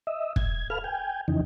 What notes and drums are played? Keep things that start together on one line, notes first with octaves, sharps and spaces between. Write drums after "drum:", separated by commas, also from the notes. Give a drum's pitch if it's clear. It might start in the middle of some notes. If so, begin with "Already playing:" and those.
D#5 E5
G#6, drum: kick
A4 B4 F5 F6
G5 G#5
F2 C#3 E3 D#4